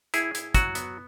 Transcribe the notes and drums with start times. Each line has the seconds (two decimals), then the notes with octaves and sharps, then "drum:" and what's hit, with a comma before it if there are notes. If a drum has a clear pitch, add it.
0.14 A2 E4 G#4, drum: hi-hat
0.35 E4, drum: hi-hat
0.54 F#3 F#4, drum: kick, hi-hat
0.75 B3, drum: hi-hat